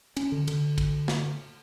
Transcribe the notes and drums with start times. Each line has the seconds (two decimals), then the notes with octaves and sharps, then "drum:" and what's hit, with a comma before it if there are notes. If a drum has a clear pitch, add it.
0.17 C#4, drum: cymbal
0.32 D3
0.48 D3, drum: cymbal
0.78 drum: kick, cymbal
1.08 drum: snare